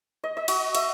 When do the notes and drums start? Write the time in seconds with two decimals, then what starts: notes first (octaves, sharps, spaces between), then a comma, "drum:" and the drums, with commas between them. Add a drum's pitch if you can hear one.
0.24 D#5
0.37 D#5
0.48 F#4, drum: cymbal
0.75 E5, drum: cymbal